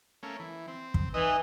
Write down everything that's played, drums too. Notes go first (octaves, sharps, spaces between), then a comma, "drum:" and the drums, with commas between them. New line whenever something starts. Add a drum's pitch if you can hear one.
A3 A#3 C#4
E3
C4
drum: kick
E3 D#4 D#5 E5